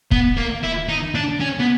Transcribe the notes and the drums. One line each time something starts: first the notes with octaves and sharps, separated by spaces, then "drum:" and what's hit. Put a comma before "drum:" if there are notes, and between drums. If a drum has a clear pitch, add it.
B3, drum: kick
A#3
E4
D#4
D4
C#4
B3